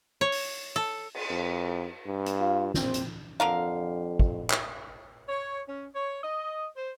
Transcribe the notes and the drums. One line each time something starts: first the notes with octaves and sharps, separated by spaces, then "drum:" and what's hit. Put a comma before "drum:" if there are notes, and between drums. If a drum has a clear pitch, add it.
C#5
drum: open hi-hat
A4
drum: cymbal
F2
G2
drum: hi-hat
F4
A#1 C4, drum: snare
drum: hi-hat
F2 D3 A#4 F5
drum: kick
drum: clap
C#5
C#4
C#5
D#5
C5